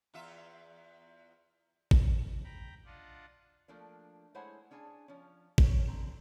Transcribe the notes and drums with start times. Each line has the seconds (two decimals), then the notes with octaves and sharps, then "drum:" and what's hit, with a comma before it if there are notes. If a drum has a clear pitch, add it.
0.14 E2 F4 E5
1.91 drum: kick A1
2.44 G5 A#5 B5
2.85 D4 F4 D5 D#5 F#5
3.68 F3 A3 A#3 D4
4.35 G#3 A3 E4 C5 C#5 F#5
4.71 C#4 D4 G#4 G#5 A5
5.08 F3 C#4
5.58 A2 C#4 A#4 C#5, drum: kick A1
5.87 D3 C4 A#5